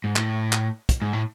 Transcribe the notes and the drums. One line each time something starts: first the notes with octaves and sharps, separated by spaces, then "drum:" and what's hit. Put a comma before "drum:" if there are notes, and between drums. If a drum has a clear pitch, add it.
G#2
A2, drum: clap
drum: clap
drum: kick, hi-hat
G#2
A2